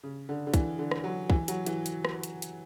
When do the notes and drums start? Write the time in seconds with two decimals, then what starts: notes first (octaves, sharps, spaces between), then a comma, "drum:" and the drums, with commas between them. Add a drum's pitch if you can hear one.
0.03 C#3
0.29 D3
0.47 D3
0.54 E3, drum: kick, hi-hat
0.79 D3
0.91 drum: rim click
1.04 F#3
1.30 E3, drum: kick
1.48 F#3, drum: hi-hat
1.66 E3, drum: hi-hat
1.86 drum: hi-hat
2.05 drum: rim click
2.23 drum: hi-hat
2.42 drum: hi-hat